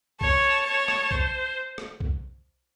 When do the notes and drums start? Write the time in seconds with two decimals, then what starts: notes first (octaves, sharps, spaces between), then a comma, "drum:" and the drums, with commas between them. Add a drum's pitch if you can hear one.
0.21 C#5 A5, drum: kick B1
0.66 C#5
0.88 drum: rim click
1.11 C5, drum: kick B1
1.78 drum: rim click
2.00 drum: kick B1